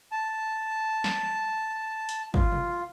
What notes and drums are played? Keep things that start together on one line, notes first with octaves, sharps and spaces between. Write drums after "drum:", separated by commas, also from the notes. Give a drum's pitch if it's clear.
A5
drum: snare
drum: hi-hat
F4, drum: kick
drum: tom B2